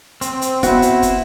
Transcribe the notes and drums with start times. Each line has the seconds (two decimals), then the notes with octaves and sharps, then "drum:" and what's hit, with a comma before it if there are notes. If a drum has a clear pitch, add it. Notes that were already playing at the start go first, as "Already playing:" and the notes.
0.21 C4, drum: hi-hat
0.42 drum: hi-hat
0.63 B3 E4 F#4, drum: kick, hi-hat
0.82 drum: hi-hat
1.02 drum: kick, hi-hat